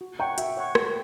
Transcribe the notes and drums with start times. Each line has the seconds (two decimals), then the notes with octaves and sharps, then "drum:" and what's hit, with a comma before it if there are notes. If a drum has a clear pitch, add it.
0.01 F#4
0.19 C#5 F#5 G5 C#6
0.38 F#4 E5, drum: hi-hat
0.57 C#5 F#5 C#6
0.75 F#4, drum: rim click